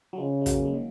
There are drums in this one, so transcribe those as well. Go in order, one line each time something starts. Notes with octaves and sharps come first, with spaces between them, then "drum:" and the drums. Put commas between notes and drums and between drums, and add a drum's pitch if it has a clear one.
F#3
C#3 F3 G#3
G#3
F#3 A#3, drum: kick, hi-hat
G#3
D#3 F#3